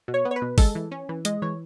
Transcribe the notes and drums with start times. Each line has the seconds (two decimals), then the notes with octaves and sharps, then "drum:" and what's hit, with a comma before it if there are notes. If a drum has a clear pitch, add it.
0.08 B2
0.14 C#5
0.25 B3
0.31 C#5
0.36 B4
0.42 B2
0.58 G#3 A4, drum: kick, open hi-hat
0.75 E3
0.91 C#4
1.09 E3
1.25 G#3 D#5, drum: hi-hat
1.42 E3 C#5